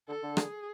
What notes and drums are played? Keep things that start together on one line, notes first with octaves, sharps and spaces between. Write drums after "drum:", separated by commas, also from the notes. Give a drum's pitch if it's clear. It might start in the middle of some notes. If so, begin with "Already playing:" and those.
D3 A4
D3
G#4, drum: rim click